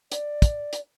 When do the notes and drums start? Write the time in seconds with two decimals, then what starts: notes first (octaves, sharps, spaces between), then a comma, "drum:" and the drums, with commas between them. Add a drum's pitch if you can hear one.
0.12 D5, drum: hi-hat
0.42 drum: kick, hi-hat
0.73 drum: hi-hat